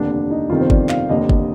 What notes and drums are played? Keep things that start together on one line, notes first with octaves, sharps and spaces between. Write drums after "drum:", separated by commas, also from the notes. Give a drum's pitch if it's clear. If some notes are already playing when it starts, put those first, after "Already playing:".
Already playing: F1 D#2 D3 D4
D4
D#4
G1 F2 C3 D#3 F4
C5
D5, drum: kick G1
F5, drum: clap
F1 D#2 D3 D#5
drum: kick G1